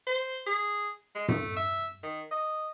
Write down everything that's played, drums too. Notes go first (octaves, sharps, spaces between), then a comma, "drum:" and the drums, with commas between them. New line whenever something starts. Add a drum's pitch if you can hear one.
C5
G#4
G#3
A3, drum: tom G2
E5
D#3
D#5